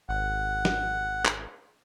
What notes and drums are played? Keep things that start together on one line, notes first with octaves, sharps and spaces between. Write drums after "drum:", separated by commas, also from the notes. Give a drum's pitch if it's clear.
G#1 F#5
drum: snare
drum: clap